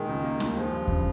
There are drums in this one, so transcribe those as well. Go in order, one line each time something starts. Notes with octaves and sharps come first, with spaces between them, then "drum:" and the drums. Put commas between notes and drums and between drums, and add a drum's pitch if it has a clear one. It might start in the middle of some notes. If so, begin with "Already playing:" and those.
Already playing: A#1 D#3 G#3
C#2
A#3
D#2, drum: snare
F3 G#3
G2
C#3, drum: kick D#2